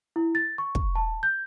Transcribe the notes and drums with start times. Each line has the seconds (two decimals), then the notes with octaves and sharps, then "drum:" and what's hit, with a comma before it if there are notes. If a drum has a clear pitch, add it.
0.16 E4
0.35 A6
0.58 C#6
0.75 drum: kick
0.95 A5
1.23 G6